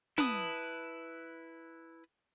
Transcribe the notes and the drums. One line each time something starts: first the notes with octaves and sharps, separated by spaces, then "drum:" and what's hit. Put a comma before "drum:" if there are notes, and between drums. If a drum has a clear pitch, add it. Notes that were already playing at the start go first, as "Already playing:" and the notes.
E4 B4 A5 B5 D#6, drum: snare